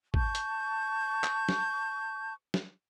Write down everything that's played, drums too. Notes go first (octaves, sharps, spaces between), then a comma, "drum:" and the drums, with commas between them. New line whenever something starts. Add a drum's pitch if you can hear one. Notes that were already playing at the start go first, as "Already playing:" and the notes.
A5 C#6 G6, drum: kick
drum: hi-hat
drum: clap
drum: snare
drum: snare